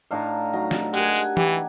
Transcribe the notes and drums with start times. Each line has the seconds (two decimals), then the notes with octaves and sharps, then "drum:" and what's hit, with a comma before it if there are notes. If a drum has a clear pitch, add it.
0.11 A2 D4 D#4 F5 A#5
0.53 F#3 D#4 A#5
0.71 drum: snare
0.94 G#3 G4 A#4 F#5 G#5, drum: tambourine
1.15 drum: tambourine
1.37 E3 G4, drum: tom E3